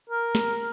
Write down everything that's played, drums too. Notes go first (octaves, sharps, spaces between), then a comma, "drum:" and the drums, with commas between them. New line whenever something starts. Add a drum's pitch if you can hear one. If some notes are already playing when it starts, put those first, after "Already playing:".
A#4
drum: snare